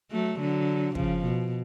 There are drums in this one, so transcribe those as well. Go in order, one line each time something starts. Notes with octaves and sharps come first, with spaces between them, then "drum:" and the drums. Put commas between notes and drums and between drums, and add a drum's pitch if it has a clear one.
F#3 A3
D3 F#3
C#3 F3, drum: kick
B2